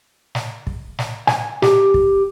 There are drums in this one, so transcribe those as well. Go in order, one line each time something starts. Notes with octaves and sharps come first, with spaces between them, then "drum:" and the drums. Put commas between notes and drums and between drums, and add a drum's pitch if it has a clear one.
drum: snare
drum: kick
drum: snare
G#5, drum: snare
G4, drum: snare
drum: kick